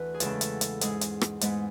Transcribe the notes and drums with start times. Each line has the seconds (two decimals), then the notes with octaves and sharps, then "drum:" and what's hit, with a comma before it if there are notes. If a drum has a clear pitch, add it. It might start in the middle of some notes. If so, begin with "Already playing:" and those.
Already playing: D2 E3 B4
0.14 G#4
0.20 E2 C#3 G#3 B3 A4, drum: hi-hat
0.41 drum: hi-hat
0.61 drum: hi-hat
0.81 G#2 G#3 B3 G#4, drum: hi-hat
1.01 drum: hi-hat
1.21 drum: rim click
1.41 G#2 G#3 B3, drum: hi-hat